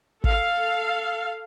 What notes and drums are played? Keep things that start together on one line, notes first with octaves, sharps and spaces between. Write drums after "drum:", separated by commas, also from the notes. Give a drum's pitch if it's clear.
A4 F5, drum: kick